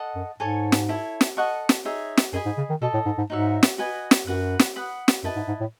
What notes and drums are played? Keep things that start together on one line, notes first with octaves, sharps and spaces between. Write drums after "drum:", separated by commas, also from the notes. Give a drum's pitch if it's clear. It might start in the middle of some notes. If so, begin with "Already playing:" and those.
Already playing: A4 D#5 F#5
F#2
G#2 A4 C#5 G#5 C#6
drum: snare
E4 A4 C#5
drum: snare
A4 D#5 F#5 C#6
drum: snare
D#4 G#4 C#5 E5
drum: snare
F#2 G#4 D#5 G#5 B5
G#2
C#3
D#3
B2 A4 D#5 A5
A2
G#2
G#2
G#2 D#4 F#4 C#5 E5
drum: snare
F#4 B4 D#5 G#5
drum: snare
F#2 F#4 B4 F#5
drum: snare
B4 F#5 B5 D#6
drum: snare
F#2 E4 B4 D#5 A5
G#2
G#2
A2